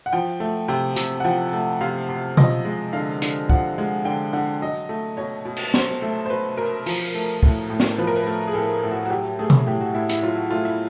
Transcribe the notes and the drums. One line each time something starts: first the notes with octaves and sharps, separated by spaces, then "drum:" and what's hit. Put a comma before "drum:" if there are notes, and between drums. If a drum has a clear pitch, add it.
F#5
F3 G5
A3
C3 G5
C3, drum: hi-hat
F#5
F3 G5
A3
C3 F5
C3
F3 D#5, drum: tom B2
G#3
D3 F5
D3, drum: hi-hat
F3 F#5, drum: kick
G#3
D3 G5
D3 F#5
F#3 D#5
A3
B2 C#5
B2
drum: cymbal
F#3 C5, drum: snare
A3
C5
B2 B4
B2 A#4
F3, drum: open hi-hat
A3
A2, drum: kick
A2
drum: snare
F3 B4
A#4
B4
A3
G#4
A2 A4
A2
F#4
F#4
F#3 G4
A3 G#4
drum: tom B2
A2 G4
F#4
A2 E4
E4, drum: hi-hat
F#3 F4
F#4
A3 F4
E4